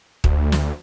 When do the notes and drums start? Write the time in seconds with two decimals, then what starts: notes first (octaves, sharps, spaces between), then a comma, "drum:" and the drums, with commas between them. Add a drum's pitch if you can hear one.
0.24 D2, drum: kick
0.52 drum: snare